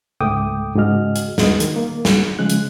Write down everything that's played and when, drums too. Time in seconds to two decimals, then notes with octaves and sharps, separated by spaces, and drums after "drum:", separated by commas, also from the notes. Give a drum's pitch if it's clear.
0.21 C#2 G#2 A3 G5 D6 D#6
0.76 G#2 C#3 F#4 G#4 D#5 F6
1.16 drum: hi-hat
1.38 D#2 A#2 G#3 B3 D#5, drum: snare
1.60 D#3, drum: hi-hat
1.76 A#3
2.05 drum: snare
2.39 C#3 F3 G#3 F#6
2.50 drum: hi-hat